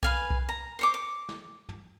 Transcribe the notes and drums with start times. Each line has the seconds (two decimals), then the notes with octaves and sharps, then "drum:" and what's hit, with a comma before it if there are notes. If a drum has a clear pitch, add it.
0.03 B4 F5 G#5, drum: kick B1
0.30 drum: kick B1
0.49 A#5
0.79 C5 C#5 D6
0.94 D6
1.29 drum: snare
1.69 drum: tom